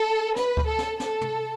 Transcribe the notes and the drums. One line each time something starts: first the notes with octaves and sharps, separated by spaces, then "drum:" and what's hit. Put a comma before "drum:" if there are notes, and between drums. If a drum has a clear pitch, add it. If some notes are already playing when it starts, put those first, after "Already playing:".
Already playing: A4
B4, drum: snare
drum: kick D2
A4
drum: snare
A4, drum: snare
drum: tom